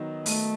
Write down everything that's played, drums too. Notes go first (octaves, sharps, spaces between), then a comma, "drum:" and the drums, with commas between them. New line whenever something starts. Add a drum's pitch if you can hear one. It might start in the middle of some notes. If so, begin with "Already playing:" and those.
Already playing: D#3 F#3 B3 D#4
A3, drum: open hi-hat